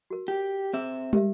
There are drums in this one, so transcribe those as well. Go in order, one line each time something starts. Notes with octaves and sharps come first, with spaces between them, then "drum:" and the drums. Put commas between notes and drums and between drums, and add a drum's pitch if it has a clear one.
F#4 A#4
G4
C4 G#4 E5
G4 A#4 E5, drum: tom